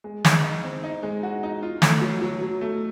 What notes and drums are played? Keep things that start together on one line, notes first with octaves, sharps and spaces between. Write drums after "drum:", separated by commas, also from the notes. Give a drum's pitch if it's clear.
G#3
D#4, drum: snare
D#4
C4
D#4
G#3
F#4
D#4
F4
A3, drum: snare
F#3
F#3
F#3
A3